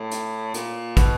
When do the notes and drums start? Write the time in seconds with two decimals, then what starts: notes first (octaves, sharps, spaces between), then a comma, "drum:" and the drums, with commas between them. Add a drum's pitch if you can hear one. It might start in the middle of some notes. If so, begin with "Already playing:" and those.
Already playing: A2
0.11 drum: hi-hat
0.54 A#2, drum: hi-hat
0.97 B2, drum: kick, hi-hat